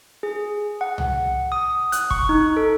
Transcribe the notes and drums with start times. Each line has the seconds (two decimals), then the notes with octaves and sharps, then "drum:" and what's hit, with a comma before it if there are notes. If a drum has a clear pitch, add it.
0.23 G#4
0.81 F#5
0.98 drum: tom C2
1.52 D#6
1.92 F#6, drum: hi-hat
2.11 C#6, drum: kick
2.29 D#4
2.57 A4